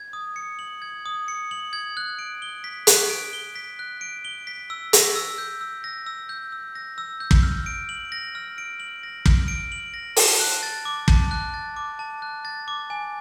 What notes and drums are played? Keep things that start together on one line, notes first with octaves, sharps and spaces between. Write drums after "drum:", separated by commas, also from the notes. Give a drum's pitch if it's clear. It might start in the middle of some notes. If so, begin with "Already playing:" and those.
Already playing: G#6
D#6
C#7
F#7
G#6
D#6
C#7
F#7
G#6
F#6
D7
G7
B6
F#6, drum: hi-hat
D7
G7
B6
F#6
D7
G7
B6
E6
A#6, drum: hi-hat
E6
G6
E6
A#6
E6
G6
E6
A#6
E6
G6
drum: kick
F6
D7
F#7
A#6
F6
D7
F#7
A#6
F6, drum: kick
D7
F#7
A#6
A5, drum: open hi-hat
F#6
A6
D6
A5, drum: kick
F#6
A6
D6
A5
F#6
A6
D6
G#5